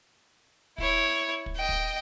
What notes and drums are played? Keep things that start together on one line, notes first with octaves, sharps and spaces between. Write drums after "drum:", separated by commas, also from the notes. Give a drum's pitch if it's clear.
E4 C#5, drum: kick
drum: kick
D#5 G5
drum: kick